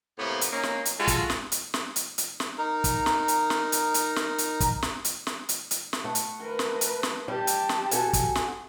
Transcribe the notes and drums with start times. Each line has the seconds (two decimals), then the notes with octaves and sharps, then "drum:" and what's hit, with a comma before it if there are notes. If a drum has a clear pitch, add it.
0.19 A2 C3 A#3 B3
0.41 drum: hi-hat
0.52 A#3 C#4 D#4
0.63 drum: snare
0.85 drum: hi-hat
0.98 G#3 F4 F#4 A4
1.08 drum: kick, hi-hat
1.30 drum: snare
1.52 drum: hi-hat
1.74 drum: snare
1.96 drum: hi-hat
2.18 drum: hi-hat
2.40 drum: snare
2.58 D#4 A#4
2.84 drum: kick, hi-hat
3.06 drum: snare
3.28 drum: hi-hat
3.50 drum: snare
3.72 drum: hi-hat
3.94 drum: hi-hat
4.16 drum: snare
4.38 drum: hi-hat
4.60 drum: kick, hi-hat
4.83 drum: snare
5.05 drum: hi-hat
5.27 drum: snare
5.49 drum: hi-hat
5.71 drum: hi-hat
5.93 drum: snare
6.04 A3 F#5
6.15 drum: hi-hat
6.41 A#4 B4
6.59 drum: snare
6.81 drum: hi-hat
7.03 drum: snare
7.28 G3 G4 A5
7.47 drum: hi-hat
7.69 drum: snare
7.91 F#4 A4 G#5, drum: hi-hat
8.13 drum: kick, hi-hat
8.35 drum: snare